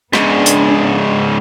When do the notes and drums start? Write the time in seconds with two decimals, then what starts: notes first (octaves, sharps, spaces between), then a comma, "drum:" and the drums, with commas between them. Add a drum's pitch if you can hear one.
0.13 G#2 C#3 B3 D4, drum: rim click
0.46 drum: hi-hat